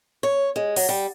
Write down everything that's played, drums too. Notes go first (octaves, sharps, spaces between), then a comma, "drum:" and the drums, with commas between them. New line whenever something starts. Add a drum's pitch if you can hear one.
C#5
G#3
F#3, drum: open hi-hat
G3